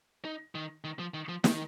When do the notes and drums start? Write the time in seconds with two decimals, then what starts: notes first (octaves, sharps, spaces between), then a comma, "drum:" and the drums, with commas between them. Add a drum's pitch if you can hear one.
0.25 D#4
0.55 D#3
0.84 D#3
0.99 F3
1.14 D#3
1.29 F3
1.44 D#3, drum: snare